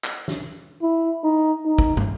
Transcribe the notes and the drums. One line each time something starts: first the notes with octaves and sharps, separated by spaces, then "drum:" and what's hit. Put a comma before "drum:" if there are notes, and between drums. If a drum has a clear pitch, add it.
drum: clap
drum: snare
E4
D#4
D#4
drum: kick
drum: tom